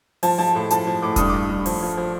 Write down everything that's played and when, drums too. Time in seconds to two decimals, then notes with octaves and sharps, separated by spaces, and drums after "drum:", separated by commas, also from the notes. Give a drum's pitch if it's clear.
0.23 F3 A5, drum: open hi-hat
0.38 F3 A5
0.55 A2
0.70 F3 A5, drum: hi-hat
0.87 F3
1.02 A2 D6
1.16 G2 D#6, drum: kick E1, hi-hat
1.29 D6
1.34 G2
1.50 G2
1.66 F3, drum: open hi-hat
1.82 F3
1.97 F3